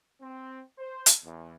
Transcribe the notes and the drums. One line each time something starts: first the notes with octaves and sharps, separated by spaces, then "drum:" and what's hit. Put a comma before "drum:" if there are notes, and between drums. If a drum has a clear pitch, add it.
C4
C5
drum: hi-hat
E2